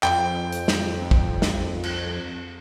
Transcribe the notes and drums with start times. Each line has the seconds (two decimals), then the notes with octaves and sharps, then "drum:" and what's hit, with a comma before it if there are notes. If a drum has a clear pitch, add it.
0.03 F2 G5, drum: clap
0.52 drum: hi-hat
0.68 drum: snare
1.11 drum: kick
1.42 drum: snare
1.83 drum: cymbal